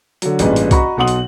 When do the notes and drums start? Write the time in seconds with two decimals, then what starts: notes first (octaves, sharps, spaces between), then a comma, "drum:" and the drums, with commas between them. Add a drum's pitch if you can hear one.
0.22 D3 F#3, drum: hi-hat
0.39 A1 G2 A#2 G#4 B4 D#5, drum: hi-hat
0.56 drum: hi-hat
0.71 F#4 D#5 A#5 B5 C#6, drum: kick, hi-hat
0.97 B1 B2 F#5 C6 D#6 F#7
1.08 drum: hi-hat